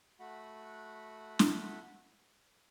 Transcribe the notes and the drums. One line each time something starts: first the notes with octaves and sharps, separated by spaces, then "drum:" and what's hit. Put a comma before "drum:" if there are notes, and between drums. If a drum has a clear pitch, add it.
A3 F#4 F#5 B5
drum: snare